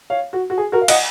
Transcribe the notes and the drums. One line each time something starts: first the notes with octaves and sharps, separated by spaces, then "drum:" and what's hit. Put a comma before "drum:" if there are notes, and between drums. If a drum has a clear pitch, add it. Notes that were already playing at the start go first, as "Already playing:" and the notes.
C#5 F5
F#4
F#4
G#4
F#4 A#4
F5
D#5 F#5, drum: cymbal